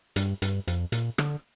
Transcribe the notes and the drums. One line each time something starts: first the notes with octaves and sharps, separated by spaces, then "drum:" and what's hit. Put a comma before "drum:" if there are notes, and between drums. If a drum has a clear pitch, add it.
G2, drum: hi-hat
G2, drum: hi-hat
F2, drum: hi-hat
A#2, drum: hi-hat
D3, drum: rim click